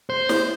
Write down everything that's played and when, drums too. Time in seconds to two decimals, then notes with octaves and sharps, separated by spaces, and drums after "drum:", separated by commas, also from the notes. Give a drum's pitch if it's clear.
0.10 C5
0.29 drum: snare